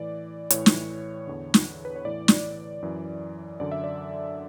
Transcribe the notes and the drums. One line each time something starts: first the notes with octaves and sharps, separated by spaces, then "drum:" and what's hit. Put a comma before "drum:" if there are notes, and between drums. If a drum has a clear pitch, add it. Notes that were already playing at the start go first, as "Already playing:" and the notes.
Already playing: A2 E3 D5
A2 E3 C#5, drum: hi-hat
drum: snare
E2 D3
drum: snare
B4
C#5
A2 E3 D5
drum: snare
F#2 E3
F#2 D3 D5
E5
D5